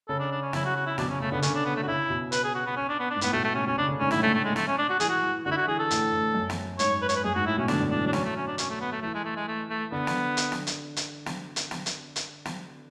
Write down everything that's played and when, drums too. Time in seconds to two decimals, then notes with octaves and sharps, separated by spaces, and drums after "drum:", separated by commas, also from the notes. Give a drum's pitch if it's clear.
0.09 C#3 A4
0.20 D4
0.32 D4
0.42 C#4
0.53 C#3 E4, drum: snare
0.65 F#4
0.76 F#4
0.87 E4
0.98 B2 D4, drum: snare
1.09 C#3 C#4
1.20 C#3 A3
1.32 D3 B3
1.42 D3 C#4, drum: hi-hat
1.55 D4
1.65 B3
1.76 A3
1.83 F#4
1.88 C#3 E4
2.10 B2
2.32 B4, drum: hi-hat
2.44 G#4
2.55 F#4
2.66 B3
2.77 C#4
2.89 D4
2.99 B3
3.11 D4
3.16 G#2
3.21 A2 B3, drum: hi-hat
3.33 B2 A3
3.44 A3
3.55 B2 C#4
3.67 B2 C#4
3.78 C#3 D4
3.89 D3
4.00 G#2 C#4
4.11 A2 E4, drum: snare
4.23 A3
4.34 A3
4.45 G#3
4.56 A3, drum: snare
4.67 C#4
4.78 D4
4.89 F#4
5.00 E3 G#4, drum: hi-hat
5.09 F#4
5.22 E3
5.46 D3 F#4
5.51 E4
5.57 F#4
5.67 E3 G#4
5.79 A4
5.91 A2, drum: hi-hat
6.13 A2
6.35 F#2
6.50 drum: snare
6.79 G#2 C#5, drum: hi-hat
7.02 B4
7.09 C#5, drum: hi-hat
7.16 B4
7.24 F#2 G#4
7.35 G#2 F#4
7.46 A2 E4
7.58 B2 C#4
7.68 D3 D4, drum: snare
7.80 D3
7.91 E3 D4
8.02 F#3
8.07 D4
8.13 F#3 C#4, drum: snare
8.24 A3
8.36 C#4
8.47 D4
8.58 C#4, drum: hi-hat
8.70 A3
8.81 B3
8.92 A3
9.02 E3 A3
9.15 G#3
9.25 A3
9.36 G#3
9.48 A3
9.70 A3
9.92 D3 B3
10.07 drum: snare
10.37 drum: hi-hat
10.52 drum: snare
10.67 drum: hi-hat
10.96 drum: hi-hat
11.26 drum: snare
11.56 drum: hi-hat
11.71 drum: snare
11.86 drum: hi-hat
12.16 drum: hi-hat
12.45 drum: snare